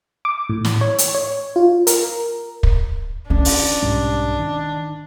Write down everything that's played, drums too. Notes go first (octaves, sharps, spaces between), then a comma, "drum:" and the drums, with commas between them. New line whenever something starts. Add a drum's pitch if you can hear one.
D6
A2
drum: snare
C#5
drum: hi-hat
C#5
F4
A#4, drum: hi-hat
drum: kick
C#4 D4
drum: open hi-hat
B1 G#2 G3
D#3